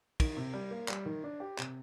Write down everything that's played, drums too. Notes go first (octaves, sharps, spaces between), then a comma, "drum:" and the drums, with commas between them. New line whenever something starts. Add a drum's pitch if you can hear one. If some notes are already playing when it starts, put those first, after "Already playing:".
D#3, drum: kick, cymbal
C3
G3
A#3
G3, drum: clap
D#3
D4
G4
C3, drum: clap